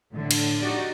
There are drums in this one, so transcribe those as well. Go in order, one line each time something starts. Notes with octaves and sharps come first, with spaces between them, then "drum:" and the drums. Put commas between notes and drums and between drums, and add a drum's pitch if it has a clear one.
A2 D3
drum: cymbal
D#4 F#4 G4 D5